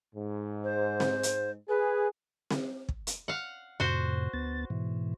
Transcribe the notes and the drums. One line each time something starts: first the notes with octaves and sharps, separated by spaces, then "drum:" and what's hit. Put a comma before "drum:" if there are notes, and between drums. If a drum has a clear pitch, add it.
G#2
C5
drum: snare C4
drum: hi-hat
G#4 B4
drum: snare C4
drum: kick
drum: hi-hat
F5 F#5
F2 A2 C3 F#4 C5
D2 B3 A6
G#2 B2 E3